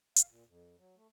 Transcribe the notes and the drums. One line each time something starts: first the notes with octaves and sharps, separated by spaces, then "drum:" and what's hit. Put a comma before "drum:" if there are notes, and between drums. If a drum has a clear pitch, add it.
F5, drum: hi-hat
A#2
F2
F#3
A3